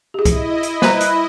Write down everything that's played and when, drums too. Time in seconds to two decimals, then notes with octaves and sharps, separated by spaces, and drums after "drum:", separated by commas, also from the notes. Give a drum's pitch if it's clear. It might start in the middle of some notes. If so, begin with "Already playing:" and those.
0.14 E4 G4 G#4 D#5
0.25 drum: kick C2, hi-hat
0.63 drum: hi-hat
0.82 G3 B4 C5 A#5, drum: snare
1.01 drum: hi-hat